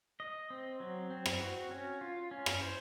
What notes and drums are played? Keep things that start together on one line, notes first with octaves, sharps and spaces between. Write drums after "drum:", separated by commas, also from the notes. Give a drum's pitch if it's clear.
D#5
C4
F#3
C4
drum: rim click
F#4
C#4
F4
C#4
drum: rim click
C5